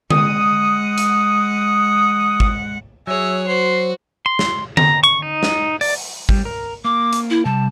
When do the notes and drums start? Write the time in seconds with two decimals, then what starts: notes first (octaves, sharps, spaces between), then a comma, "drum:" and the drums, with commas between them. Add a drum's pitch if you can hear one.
0.10 G#3 F#5 D#6, drum: tom D3
0.98 drum: hi-hat
2.40 drum: kick
3.07 F#3 G#4 C#5 E5
3.47 F#4 C5 C6
4.26 C6
4.39 drum: snare
4.77 A#5, drum: tom D3
5.04 C#6
5.22 D#4
5.43 drum: snare
5.81 D5, drum: open hi-hat
6.29 G3, drum: kick
6.45 A#4
6.84 A#3 D6
7.13 drum: hi-hat
7.30 E4
7.45 C3 G3 A5